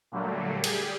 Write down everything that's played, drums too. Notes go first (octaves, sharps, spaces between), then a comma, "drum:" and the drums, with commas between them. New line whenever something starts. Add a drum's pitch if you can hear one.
A#2 D3 F#3 G3 A3 A#3
G3 G4 G#4, drum: cymbal